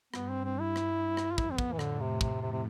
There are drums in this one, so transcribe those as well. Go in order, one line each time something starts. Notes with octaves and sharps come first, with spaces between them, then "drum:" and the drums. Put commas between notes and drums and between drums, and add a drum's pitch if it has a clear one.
G2 B3, drum: rim click
C4
C4
E4
drum: rim click
drum: rim click
F4
F2 E4, drum: kick
C4
B3, drum: kick
A2 E3
D3, drum: rim click
C3
C3, drum: kick
C3
C3